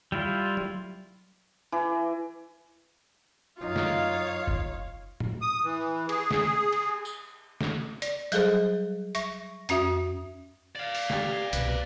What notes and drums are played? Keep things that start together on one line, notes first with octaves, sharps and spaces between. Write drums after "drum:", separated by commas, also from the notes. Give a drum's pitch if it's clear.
G3 E4 F4
drum: tom F#3
E3
F#2 D#4 F4 C#5 F5
drum: snare
drum: kick F1
drum: tom A2
D#6
E3
G#4, drum: cymbal
drum: snare
drum: cymbal
drum: tambourine
drum: snare
D5, drum: hi-hat
F#3 G3 G#4 A4 C5, drum: hi-hat
E5 C#6 A#6, drum: hi-hat
F2 C#4 F#4 E5 D#6, drum: hi-hat
D5 F5
drum: open hi-hat
G4, drum: snare
C2 B2 B4, drum: hi-hat